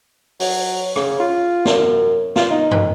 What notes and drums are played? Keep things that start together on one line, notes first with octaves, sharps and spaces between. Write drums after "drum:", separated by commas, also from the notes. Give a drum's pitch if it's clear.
F#3, drum: open hi-hat
C#3, drum: rim click
F4
F#2, drum: snare
F4, drum: snare
D#4
drum: tom F#2